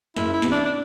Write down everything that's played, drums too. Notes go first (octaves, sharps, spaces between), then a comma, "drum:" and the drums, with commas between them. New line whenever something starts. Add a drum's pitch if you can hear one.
F#1 E4, drum: snare
E4
E2 C3, drum: snare
D4
D4